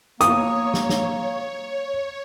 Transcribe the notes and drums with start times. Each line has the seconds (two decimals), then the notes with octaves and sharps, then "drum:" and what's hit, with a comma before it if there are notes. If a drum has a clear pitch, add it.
0.21 A#3 C#5 D#6, drum: hi-hat
0.74 drum: snare
0.89 drum: snare